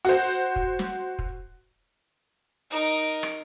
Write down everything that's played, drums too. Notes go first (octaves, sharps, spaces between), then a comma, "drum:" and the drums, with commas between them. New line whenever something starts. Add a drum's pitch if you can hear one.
F#4 C5, drum: open hi-hat
drum: kick
drum: snare
drum: kick
D#4 A#4, drum: hi-hat
drum: rim click